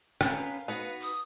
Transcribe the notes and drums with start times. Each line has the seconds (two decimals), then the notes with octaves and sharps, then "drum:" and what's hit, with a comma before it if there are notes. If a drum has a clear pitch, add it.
0.21 B3 C#4 G4 A#4 B4 F5, drum: rim click
0.68 B3 D#4 F#4 B4
1.00 D#6